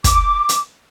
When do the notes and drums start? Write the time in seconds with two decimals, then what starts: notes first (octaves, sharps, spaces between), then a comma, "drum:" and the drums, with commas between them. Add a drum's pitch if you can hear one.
0.04 D6, drum: kick, hi-hat
0.49 drum: hi-hat